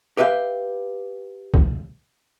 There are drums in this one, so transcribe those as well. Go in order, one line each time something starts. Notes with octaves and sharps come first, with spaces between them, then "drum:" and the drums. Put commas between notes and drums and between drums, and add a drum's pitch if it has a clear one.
G4 B4 E5 F5 G5
drum: kick